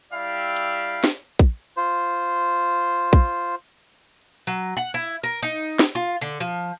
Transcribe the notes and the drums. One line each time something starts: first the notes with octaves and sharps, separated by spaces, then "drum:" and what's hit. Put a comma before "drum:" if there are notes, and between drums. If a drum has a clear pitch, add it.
G3 E4 D5 E5 F5 G5
drum: hi-hat
drum: snare
drum: kick
F4 C5
drum: kick
F#3
F#5
E4
A#4
D#4, drum: hi-hat
drum: snare
F4
D3
F3